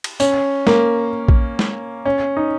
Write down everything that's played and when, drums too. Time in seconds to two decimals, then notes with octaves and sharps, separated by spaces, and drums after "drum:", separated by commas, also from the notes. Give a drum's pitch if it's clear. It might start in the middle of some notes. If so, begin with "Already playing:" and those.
0.04 drum: cymbal
0.20 C#4, drum: tambourine
0.67 A#3, drum: snare G#3
1.28 drum: kick A#1
1.59 drum: snare G#3
2.05 C#4
2.37 D#4